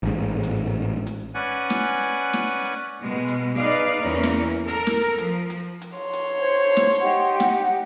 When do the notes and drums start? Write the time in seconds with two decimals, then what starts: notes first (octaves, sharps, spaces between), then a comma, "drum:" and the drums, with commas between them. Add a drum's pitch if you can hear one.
0.03 A1 G#2
0.43 drum: hi-hat
1.07 drum: hi-hat
1.34 C#4 B4 D5 F#5 G#5
1.70 drum: snare
2.02 drum: hi-hat
2.33 drum: snare
2.65 drum: hi-hat
3.04 B2 G#3
3.28 drum: hi-hat
3.58 D#4 G#4 B4 D5 D#5 F5
4.00 E2 E3 A#3 C#4 A#4
4.23 drum: snare
4.64 A4 A#4
4.87 drum: snare
5.18 F3, drum: hi-hat
5.50 drum: hi-hat
5.82 drum: hi-hat
5.98 C#5 C6
6.13 drum: hi-hat
6.40 C5 G#6
6.77 drum: snare
7.00 D#4 G4 F#5
7.40 drum: snare